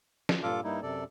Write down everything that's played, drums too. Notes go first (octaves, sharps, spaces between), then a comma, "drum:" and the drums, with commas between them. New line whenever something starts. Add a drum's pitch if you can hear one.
drum: snare
G2 A#2 F4 A4 F5 D6
G2 G3 A#3 D#4 E4
F#2 C3 A4 D5